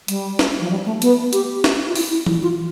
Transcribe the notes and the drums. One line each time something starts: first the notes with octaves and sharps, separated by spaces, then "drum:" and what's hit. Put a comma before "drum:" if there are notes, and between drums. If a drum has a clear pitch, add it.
G3, drum: hi-hat
drum: snare
F3
G3
A3
B3, drum: hi-hat
G4, drum: hi-hat
drum: snare
F4
E4, drum: open hi-hat
E4
E4, drum: tom E3
F4